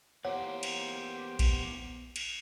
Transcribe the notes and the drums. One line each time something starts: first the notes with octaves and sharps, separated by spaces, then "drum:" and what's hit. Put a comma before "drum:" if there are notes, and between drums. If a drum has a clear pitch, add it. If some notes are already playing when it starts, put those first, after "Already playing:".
E2 A#3 G4 C5 C#5 F#5
drum: cymbal
drum: kick A#1, cymbal
drum: cymbal